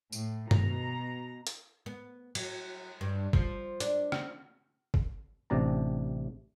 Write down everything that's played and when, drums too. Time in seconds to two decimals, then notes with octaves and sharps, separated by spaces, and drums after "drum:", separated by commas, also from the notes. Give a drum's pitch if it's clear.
0.12 A2, drum: tambourine
0.51 B2 A#5, drum: tom G2
1.47 drum: hi-hat
1.86 B3
2.35 F#3, drum: cymbal
3.01 G2
3.33 F3, drum: kick G1
3.80 D4, drum: hi-hat
4.12 drum: rim click
4.94 drum: kick G1
5.50 A1 C3 D4 A5 A#5